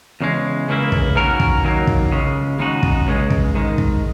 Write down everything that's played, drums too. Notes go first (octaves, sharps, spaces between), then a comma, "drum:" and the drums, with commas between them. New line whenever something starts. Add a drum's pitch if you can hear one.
E2 C#3 G#3
C#2 C#3 E3 A#3 E4
drum: kick
D#3 A#3 C#4 F#4 A#4
drum: kick
D#2 D#3 F#3 A#3
drum: kick
C#2 C#3 G#3
D#2 C#3 G#3 D#4 F#4
drum: kick
C#2 C#3 G#3
drum: kick
G#2 D#3 G#3
drum: kick